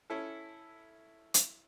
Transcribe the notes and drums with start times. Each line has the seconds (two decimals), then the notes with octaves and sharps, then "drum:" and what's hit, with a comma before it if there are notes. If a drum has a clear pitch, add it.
0.10 C#4 E4 A4
1.34 drum: hi-hat